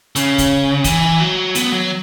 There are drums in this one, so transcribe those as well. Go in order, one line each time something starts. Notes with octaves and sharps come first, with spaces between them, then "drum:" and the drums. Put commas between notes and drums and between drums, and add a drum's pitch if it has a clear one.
C#3, drum: hi-hat
drum: kick, hi-hat
E3, drum: kick, hi-hat
F#3
B3, drum: hi-hat
F#3